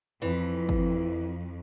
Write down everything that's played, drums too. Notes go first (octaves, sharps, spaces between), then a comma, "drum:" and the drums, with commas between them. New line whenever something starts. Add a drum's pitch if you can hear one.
F2 E3
drum: kick G#1